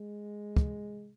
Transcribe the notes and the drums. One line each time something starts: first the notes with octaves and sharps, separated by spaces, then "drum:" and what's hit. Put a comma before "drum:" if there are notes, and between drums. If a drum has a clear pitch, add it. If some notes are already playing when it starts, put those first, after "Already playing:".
Already playing: G#3
drum: kick